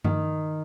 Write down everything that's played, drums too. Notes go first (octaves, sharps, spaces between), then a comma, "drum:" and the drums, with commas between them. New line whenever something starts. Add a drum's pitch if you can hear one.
D#3, drum: tom G2